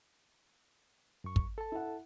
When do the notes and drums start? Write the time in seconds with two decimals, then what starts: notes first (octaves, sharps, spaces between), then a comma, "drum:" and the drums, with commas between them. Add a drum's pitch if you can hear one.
1.24 F#2 C#6
1.36 drum: kick
1.58 A4 A5
1.72 E4 F#5